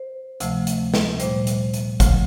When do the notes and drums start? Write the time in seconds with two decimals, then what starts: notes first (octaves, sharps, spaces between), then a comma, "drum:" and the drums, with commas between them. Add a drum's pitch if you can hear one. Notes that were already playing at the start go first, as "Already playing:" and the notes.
Already playing: C5
0.40 D2 C3 F3 A3, drum: hi-hat
0.67 drum: hi-hat
0.94 drum: snare
1.20 A#2 G3 C5, drum: hi-hat
1.47 drum: hi-hat
1.74 drum: hi-hat
2.00 D2 C#3 F3 A3, drum: kick G1, hi-hat